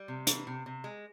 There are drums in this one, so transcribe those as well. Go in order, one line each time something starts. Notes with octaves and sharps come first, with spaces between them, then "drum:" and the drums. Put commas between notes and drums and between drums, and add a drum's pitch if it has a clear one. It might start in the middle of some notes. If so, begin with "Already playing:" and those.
Already playing: G3
C3
E3, drum: hi-hat
C3
C3
G#3